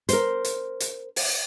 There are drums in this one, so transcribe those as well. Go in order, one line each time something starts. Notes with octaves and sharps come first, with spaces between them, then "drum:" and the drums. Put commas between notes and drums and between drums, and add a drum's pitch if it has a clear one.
A#4 C5, drum: hi-hat
drum: hi-hat
drum: hi-hat
drum: open hi-hat